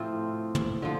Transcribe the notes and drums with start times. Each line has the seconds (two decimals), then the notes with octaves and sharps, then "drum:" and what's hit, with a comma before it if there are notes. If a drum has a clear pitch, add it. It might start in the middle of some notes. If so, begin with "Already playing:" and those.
Already playing: A2 C3 F3 C4 F4
0.55 drum: tom
0.82 D3 F3